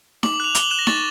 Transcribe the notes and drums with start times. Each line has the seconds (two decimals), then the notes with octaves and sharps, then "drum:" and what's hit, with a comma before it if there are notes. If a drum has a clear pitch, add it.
0.23 D6 F#7, drum: snare D#4
0.34 F#7
0.40 F#6 F7
0.55 D6 G7, drum: hi-hat
0.63 F#7
0.71 F#6 E7
0.79 A#6
0.87 C#6 A6, drum: snare D#4